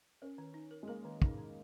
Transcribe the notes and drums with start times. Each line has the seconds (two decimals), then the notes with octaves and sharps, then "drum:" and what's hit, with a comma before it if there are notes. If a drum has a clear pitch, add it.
0.22 C#4 A#4
0.38 D#3
0.54 D#4
0.71 A#4
0.83 G#3
0.88 A#3 A#4
1.05 D#3
1.22 D#4, drum: kick
1.38 D#3